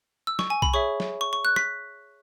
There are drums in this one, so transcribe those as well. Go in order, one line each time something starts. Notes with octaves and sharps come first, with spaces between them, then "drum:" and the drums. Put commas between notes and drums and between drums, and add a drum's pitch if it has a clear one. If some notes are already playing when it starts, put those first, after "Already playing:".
E6
C#6, drum: snare
G#5
B5, drum: kick B1
G#4 C#5 E5 C#6
drum: snare
C#6
C#6
F#6
B6, drum: rim click